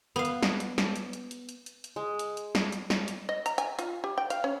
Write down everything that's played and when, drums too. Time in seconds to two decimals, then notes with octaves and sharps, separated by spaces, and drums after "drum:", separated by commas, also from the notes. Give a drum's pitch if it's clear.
0.16 B3 F5
0.25 drum: hi-hat
0.43 drum: snare
0.60 drum: hi-hat
0.78 drum: snare
0.96 drum: hi-hat
1.13 drum: hi-hat
1.31 drum: hi-hat
1.49 drum: hi-hat
1.66 drum: hi-hat
1.84 drum: hi-hat
1.96 G#3
2.19 drum: hi-hat
2.37 drum: hi-hat
2.55 drum: snare
2.72 drum: hi-hat
2.90 drum: snare
3.08 drum: hi-hat
3.29 D#5
3.46 A#5, drum: hi-hat
3.58 G#5, drum: hi-hat
3.79 F4, drum: hi-hat
4.04 G4
4.18 G5
4.30 F5, drum: hi-hat
4.44 C#4